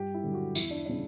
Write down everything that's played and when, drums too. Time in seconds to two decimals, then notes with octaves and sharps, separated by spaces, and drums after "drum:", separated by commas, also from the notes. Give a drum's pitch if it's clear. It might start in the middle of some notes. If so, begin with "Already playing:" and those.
Already playing: G2 G4
0.14 E4
0.24 D3 F#3
0.34 F#4
0.55 E2 E4, drum: tambourine
0.71 D4
0.85 C#3 G3 D4